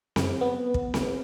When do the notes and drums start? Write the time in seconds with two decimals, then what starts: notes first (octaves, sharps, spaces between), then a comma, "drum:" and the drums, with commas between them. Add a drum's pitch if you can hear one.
0.16 F#2, drum: snare C4
0.41 B3
0.74 drum: kick
0.94 drum: snare C4